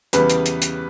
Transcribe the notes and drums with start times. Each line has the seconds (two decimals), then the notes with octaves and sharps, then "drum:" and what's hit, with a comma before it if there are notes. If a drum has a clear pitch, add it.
0.13 E2 C#3 G3 B4, drum: hi-hat
0.30 drum: hi-hat
0.46 drum: hi-hat
0.62 drum: hi-hat